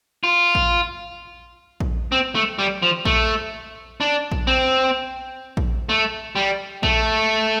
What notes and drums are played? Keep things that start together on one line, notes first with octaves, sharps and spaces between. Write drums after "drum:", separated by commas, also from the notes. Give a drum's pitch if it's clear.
F4
drum: kick A#1
drum: kick A#1
C4
A3
G3
F3
A3, drum: kick A#1
D4
drum: kick A#1
C4
drum: kick A#1
A3
G3
A3, drum: kick A#1